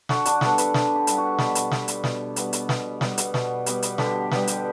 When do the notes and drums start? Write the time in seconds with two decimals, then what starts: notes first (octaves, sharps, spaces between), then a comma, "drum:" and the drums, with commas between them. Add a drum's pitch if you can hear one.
0.09 D3 F#4, drum: snare
0.25 D4, drum: hi-hat
0.41 G3 B3 A4, drum: snare
0.58 B4, drum: hi-hat
0.74 D3, drum: snare
0.96 G4
1.07 G3 B3, drum: hi-hat
1.18 F#4
1.39 B2 B4, drum: snare
1.55 drum: hi-hat
1.71 G3 B3, drum: snare
1.88 drum: hi-hat
2.04 B2, drum: snare
2.36 G3 B3, drum: hi-hat
2.53 drum: hi-hat
2.69 B2, drum: snare
3.01 G3 B3, drum: snare
3.18 drum: hi-hat
3.34 B2, drum: snare
3.66 G3 B3, drum: hi-hat
3.83 drum: hi-hat
3.98 D3 G4, drum: snare
4.31 G3 B3, drum: snare
4.47 drum: hi-hat